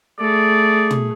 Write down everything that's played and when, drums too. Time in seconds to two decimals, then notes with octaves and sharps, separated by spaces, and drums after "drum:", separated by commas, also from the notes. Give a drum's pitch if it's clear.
0.19 A3 G#4 D5
0.91 drum: tom